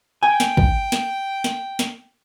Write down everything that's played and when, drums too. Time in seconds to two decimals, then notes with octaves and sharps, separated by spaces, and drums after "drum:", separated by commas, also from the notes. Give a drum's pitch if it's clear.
0.23 G5 G#5
0.40 drum: snare
0.57 drum: kick
0.92 drum: snare
1.44 drum: snare
1.79 drum: snare